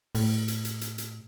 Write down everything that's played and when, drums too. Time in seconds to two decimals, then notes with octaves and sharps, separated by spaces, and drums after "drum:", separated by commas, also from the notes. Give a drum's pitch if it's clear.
0.15 A2, drum: open hi-hat
0.48 drum: hi-hat
0.65 drum: hi-hat
0.81 drum: hi-hat
0.98 drum: hi-hat